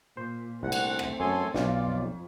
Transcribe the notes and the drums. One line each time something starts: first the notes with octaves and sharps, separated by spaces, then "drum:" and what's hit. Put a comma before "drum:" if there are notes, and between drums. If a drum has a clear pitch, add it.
A#2 C5
C2 A3 C4 F#5
drum: cymbal
drum: rim click
F#2 A4 G#5 C6
B1 F4 D5, drum: snare
F2